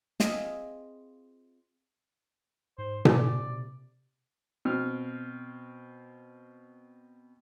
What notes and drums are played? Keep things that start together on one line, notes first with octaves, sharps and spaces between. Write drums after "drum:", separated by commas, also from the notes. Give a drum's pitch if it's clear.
C4 F4 G#4 D#5 E5, drum: snare
G#2 C5
G#2 D5, drum: tom B2
C3
B2 C4 F6